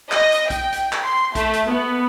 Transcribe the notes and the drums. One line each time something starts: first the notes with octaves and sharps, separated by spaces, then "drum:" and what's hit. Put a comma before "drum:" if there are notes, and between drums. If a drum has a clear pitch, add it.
D#5, drum: clap
drum: hi-hat
G5, drum: kick, hi-hat
drum: hi-hat
drum: clap
C6
A3, drum: kick, hi-hat
drum: hi-hat
B3